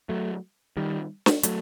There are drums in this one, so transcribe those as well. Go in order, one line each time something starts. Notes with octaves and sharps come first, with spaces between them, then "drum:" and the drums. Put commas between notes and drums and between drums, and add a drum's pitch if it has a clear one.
F#3 A3
D#3 G3
drum: snare
F#3 A3, drum: hi-hat